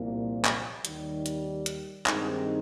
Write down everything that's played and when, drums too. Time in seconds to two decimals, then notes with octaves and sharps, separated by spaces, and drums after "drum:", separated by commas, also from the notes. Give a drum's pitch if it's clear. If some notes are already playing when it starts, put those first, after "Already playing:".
Already playing: C2 A#2 F3 A#3
0.45 drum: clap
0.85 D#2 D#3 G3, drum: hi-hat
1.26 drum: hi-hat
1.66 drum: hi-hat
2.06 G2 D#3 G#3 C4 D#4, drum: clap